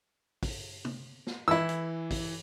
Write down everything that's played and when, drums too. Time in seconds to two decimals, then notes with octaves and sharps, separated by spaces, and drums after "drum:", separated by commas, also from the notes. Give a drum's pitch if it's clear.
0.43 drum: kick, open hi-hat
0.85 drum: tom
1.27 drum: snare
1.48 E3 E4 E6
1.69 drum: hi-hat
2.11 drum: kick, open hi-hat